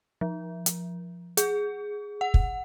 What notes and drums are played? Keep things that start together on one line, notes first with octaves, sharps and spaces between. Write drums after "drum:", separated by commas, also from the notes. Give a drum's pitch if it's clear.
F3
drum: hi-hat
G#4, drum: hi-hat
F#5
drum: kick